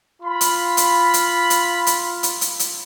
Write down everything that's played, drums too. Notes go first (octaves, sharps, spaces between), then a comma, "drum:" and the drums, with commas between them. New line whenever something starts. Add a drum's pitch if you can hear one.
F4 B5
drum: hi-hat
drum: hi-hat
drum: hi-hat
drum: hi-hat
drum: hi-hat
drum: hi-hat
drum: hi-hat
drum: hi-hat